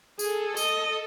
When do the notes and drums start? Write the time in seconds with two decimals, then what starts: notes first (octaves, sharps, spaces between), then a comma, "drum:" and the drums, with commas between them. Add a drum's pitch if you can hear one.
0.19 G#4 A4, drum: tambourine
0.57 A4 D#5, drum: tambourine